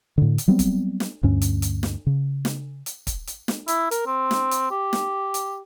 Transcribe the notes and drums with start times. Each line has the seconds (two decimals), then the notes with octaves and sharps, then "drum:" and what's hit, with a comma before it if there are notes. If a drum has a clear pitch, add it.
0.18 A2 D3
0.38 drum: hi-hat
0.48 F#3 G3 B3 C4
0.59 drum: kick, hi-hat
1.00 drum: snare
1.23 D2 G2 C#4
1.42 drum: hi-hat
1.62 drum: hi-hat
1.83 drum: snare
2.07 C#3
2.45 drum: snare
2.86 drum: hi-hat
3.07 drum: kick, hi-hat
3.27 drum: hi-hat
3.48 drum: snare
3.68 E4, drum: hi-hat
3.91 A#4, drum: hi-hat
4.07 C4
4.31 drum: snare
4.51 drum: hi-hat
4.71 G4
4.93 drum: snare
5.34 drum: hi-hat